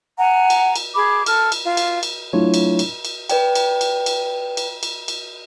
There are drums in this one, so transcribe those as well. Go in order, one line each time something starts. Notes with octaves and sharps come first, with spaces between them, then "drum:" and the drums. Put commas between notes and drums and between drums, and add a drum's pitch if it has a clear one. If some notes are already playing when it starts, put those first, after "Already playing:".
F#5 G#5 A#5
drum: cymbal
drum: cymbal
G#4 B5 D6
A4 F6, drum: cymbal
drum: cymbal
F4
drum: cymbal
drum: cymbal
F#3 A3 D4 E4 F4 C#5
drum: cymbal
drum: cymbal
drum: cymbal
B4 D5 G5, drum: cymbal
drum: cymbal
drum: cymbal
drum: cymbal
drum: cymbal
drum: cymbal
drum: cymbal